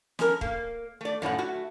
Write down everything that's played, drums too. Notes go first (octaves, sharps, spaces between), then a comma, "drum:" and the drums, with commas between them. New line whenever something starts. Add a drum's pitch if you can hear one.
C#4 A#4, drum: snare
A#3, drum: kick
A3 D5
F#2 A2 C#5 F#5
A3 F#4